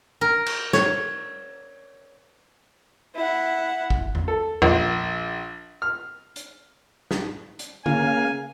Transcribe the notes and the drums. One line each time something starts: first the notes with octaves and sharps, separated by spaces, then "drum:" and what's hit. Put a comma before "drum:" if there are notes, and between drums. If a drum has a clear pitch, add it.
A#4
drum: cymbal
C#5, drum: snare
E4 F#5
drum: kick G#1
drum: tom E2
A4
A#1, drum: tom E2
F6
drum: hi-hat
drum: snare
drum: hi-hat
C#3 A#3 F5 G#5, drum: tom D3